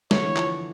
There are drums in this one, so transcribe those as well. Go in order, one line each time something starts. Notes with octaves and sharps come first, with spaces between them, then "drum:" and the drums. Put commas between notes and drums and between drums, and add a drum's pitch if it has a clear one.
D3 C#5, drum: snare
E3
F3, drum: clap